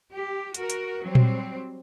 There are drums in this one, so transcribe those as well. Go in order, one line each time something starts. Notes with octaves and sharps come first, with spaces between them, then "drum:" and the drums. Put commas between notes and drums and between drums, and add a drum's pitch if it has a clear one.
G4
F#4 A#4, drum: hi-hat
drum: hi-hat
F#3 G3 C4
drum: tom A#2